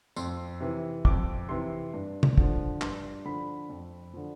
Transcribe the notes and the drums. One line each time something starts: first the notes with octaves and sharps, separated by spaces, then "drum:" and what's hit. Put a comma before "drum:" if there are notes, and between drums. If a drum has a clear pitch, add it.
F2 C6, drum: tambourine
C3 E3
F2 D6, drum: kick
C3 E3 C6
G2
drum: tom C3
D3 F3, drum: kick
G2 C6, drum: clap
D3 F3 B5
F2
D3 F3